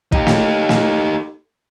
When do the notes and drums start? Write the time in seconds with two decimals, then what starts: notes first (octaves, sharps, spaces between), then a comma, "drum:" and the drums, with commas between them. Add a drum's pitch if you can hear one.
0.12 D#4 G4, drum: kick
0.27 drum: snare
0.69 drum: snare